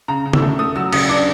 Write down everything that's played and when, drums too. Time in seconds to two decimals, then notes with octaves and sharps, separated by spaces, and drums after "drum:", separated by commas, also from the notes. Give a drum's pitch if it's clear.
0.08 C#3 A#5
0.26 C#3
0.33 E6, drum: tom
0.42 A3
0.59 A3 D#6
0.76 F#3 E6
0.93 C#3 D#6, drum: cymbal
1.09 D4 D6